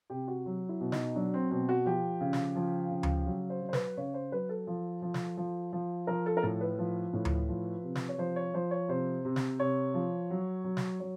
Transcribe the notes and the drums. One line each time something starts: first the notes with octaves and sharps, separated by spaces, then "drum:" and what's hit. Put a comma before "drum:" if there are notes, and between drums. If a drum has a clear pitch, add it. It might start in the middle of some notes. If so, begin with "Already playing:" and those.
C3 G4
F#4
F#3
E4
B2
D#4, drum: snare
F#3 D4
C4
B2 C4
F#4
F3 G4
C#3
drum: snare
F3
C#3
drum: tom D2
F#3
C5
F#3
C5
B4, drum: snare
C#3 C#5
C5
F#3 B4
A4
F3
F3
drum: snare
F3
F3
F3 A#4
A4
A#4
A2 A4
B4
F3
A2
drum: tom D2
F3
C3
drum: snare
C#5
F3 C5
C#5
F3 C5
C#5
C3 C5
C3
drum: snare
C3 C#5
F3
F#3
F#3
drum: snare
F#3 C#5